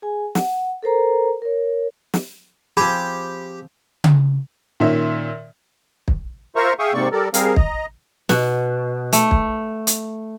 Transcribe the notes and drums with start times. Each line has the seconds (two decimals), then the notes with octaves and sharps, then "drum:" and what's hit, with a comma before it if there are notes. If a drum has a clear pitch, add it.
0.02 G#4 G#5
0.35 F#5, drum: snare
0.83 A4 A#4 C5 A#5
1.42 A#4 C#5
2.14 drum: snare
2.77 F3 C4 G4 G#4 B5
4.04 drum: tom C#3
4.80 A#2 D#3 C#4 E5
6.08 drum: kick
6.56 F4 A#4 C5 E5 A#5 C#6
6.79 G#4 E5 F5 G5 C#6 D#6
6.94 G#2 C3 A#3 C4 D5 C#6
7.12 G3 A4 A#4 D5
7.34 G3 C4 G#4 A#4 F5, drum: hi-hat
7.56 D#5 A#5, drum: kick
8.29 B2, drum: snare
9.13 A3, drum: hi-hat
9.31 drum: kick
9.87 drum: hi-hat